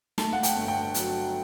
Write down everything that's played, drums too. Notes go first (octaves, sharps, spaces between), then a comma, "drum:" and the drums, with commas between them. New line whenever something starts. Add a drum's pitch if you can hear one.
A3 A5, drum: snare
F#5
G5, drum: hi-hat
G1
G5
F#3, drum: hi-hat